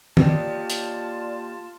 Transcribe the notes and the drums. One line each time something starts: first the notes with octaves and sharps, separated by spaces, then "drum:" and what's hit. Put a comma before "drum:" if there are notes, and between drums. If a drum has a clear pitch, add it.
A#3 F4 G4 D5 A5, drum: tom
drum: hi-hat